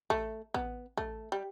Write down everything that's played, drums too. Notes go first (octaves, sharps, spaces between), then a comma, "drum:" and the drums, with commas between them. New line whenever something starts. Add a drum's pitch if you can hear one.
A3, drum: kick A1
B3, drum: kick A1
A3, drum: kick A1
G3